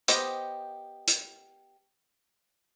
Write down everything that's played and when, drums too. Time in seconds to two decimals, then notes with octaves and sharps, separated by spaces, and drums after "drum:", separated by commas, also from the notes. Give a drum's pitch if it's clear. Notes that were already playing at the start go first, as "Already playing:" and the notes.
0.08 B3 G4 C5 D#5, drum: hi-hat
1.08 drum: hi-hat